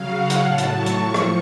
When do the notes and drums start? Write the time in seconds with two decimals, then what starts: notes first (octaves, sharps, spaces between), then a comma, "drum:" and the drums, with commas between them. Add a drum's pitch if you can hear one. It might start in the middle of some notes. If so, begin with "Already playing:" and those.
Already playing: C#3 F#3 F5
0.16 F#5
0.30 drum: hi-hat
0.44 A2 F#3 A5
0.58 drum: hi-hat
0.72 C#6
0.86 drum: hi-hat
1.00 A2 F3
1.14 drum: rim click